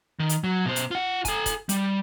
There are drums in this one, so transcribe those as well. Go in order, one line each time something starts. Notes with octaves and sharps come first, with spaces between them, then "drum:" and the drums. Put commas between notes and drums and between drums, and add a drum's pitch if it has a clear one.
D#3
drum: hi-hat
F#3
B2 C5
drum: hi-hat
F4 F#5
A4 G#5, drum: kick, hi-hat
drum: kick, hi-hat
G3, drum: hi-hat